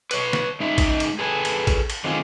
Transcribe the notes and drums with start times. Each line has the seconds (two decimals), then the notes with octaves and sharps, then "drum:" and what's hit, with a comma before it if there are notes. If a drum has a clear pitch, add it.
0.11 B4 C#5, drum: cymbal
0.33 drum: snare
0.60 G#3 D#4 E5
0.78 drum: kick G#1, cymbal
1.00 drum: cymbal
1.19 G#4 A4 B4 E5 G#5 A5
1.45 drum: cymbal
1.67 drum: kick G#1, cymbal
1.90 drum: cymbal
2.04 D3 D#3 C4 D4 F4 G#4